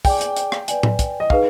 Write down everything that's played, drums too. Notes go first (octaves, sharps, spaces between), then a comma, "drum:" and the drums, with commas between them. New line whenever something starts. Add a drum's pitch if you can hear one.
G#4 D5 G5 G#5 D6, drum: kick, open hi-hat
drum: hi-hat
drum: hi-hat
drum: rim click
B4 D5 G#5, drum: hi-hat
drum: tom A2
drum: kick, hi-hat
D#5
D#4 G#4 B4 F5, drum: kick